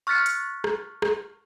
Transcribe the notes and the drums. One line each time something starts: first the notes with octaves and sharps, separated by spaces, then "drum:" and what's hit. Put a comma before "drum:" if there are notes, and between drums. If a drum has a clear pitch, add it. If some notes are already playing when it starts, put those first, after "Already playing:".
C#6 F6 F#6 A6 B6 C#7
drum: hi-hat
drum: rim click
drum: rim click